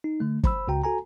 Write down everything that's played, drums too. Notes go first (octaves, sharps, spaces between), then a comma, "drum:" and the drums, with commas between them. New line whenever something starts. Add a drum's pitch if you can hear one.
D#4
D3 A3
C5 B5 E6, drum: kick
C#2 C#3 F#4 G5 A#5
F#4 A4 G#5 A#5